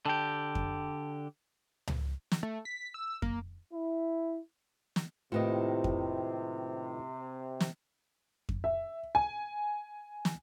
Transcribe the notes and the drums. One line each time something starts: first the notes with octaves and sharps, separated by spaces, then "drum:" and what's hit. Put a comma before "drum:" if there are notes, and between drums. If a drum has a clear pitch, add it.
D3 G4 G5 A5
drum: kick F2
drum: tom C#2
drum: snare
A3
B6
E6
A#3, drum: kick F2
E4
drum: snare
A2 C3 D#3 A#3 F4 B4 D#5
drum: kick F2
drum: snare
drum: kick F2
E5
G#5
drum: snare